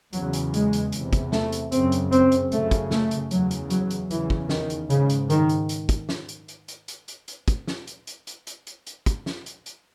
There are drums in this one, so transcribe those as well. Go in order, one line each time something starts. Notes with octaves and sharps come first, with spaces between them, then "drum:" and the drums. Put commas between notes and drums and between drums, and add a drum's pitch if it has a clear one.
E2 C#3 F#3, drum: hi-hat
drum: hi-hat
G#3, drum: hi-hat
drum: hi-hat
E2 C3, drum: hi-hat
drum: kick, hi-hat
A3, drum: snare
drum: hi-hat
F#2 C#3 C4, drum: hi-hat
drum: hi-hat
C4, drum: hi-hat
drum: hi-hat
F#2 C#3 A3, drum: hi-hat
drum: kick, hi-hat
A3, drum: snare
drum: hi-hat
E2 C#3 F#3, drum: hi-hat
drum: hi-hat
F#3, drum: hi-hat
drum: hi-hat
E2 C#3 E3, drum: hi-hat
drum: kick
D#3, drum: snare
drum: hi-hat
G#2 C#3, drum: hi-hat
drum: hi-hat
D#3, drum: hi-hat
drum: hi-hat
drum: hi-hat
drum: kick, hi-hat
drum: snare
drum: hi-hat
drum: hi-hat
drum: hi-hat
drum: hi-hat
drum: hi-hat
drum: hi-hat
drum: kick, hi-hat
drum: snare
drum: hi-hat
drum: hi-hat
drum: hi-hat
drum: hi-hat
drum: hi-hat
drum: hi-hat
drum: kick, hi-hat
drum: snare
drum: hi-hat
drum: hi-hat